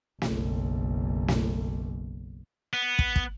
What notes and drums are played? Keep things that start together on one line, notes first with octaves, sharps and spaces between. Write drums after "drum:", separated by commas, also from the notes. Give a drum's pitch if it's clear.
F#1 B1, drum: snare
drum: snare
B3
drum: kick
drum: kick